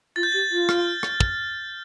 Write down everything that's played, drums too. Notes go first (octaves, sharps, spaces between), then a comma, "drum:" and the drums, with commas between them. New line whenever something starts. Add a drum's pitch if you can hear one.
F4 A6
G6
G4 A6
F4
F6, drum: rim click
drum: rim click
drum: kick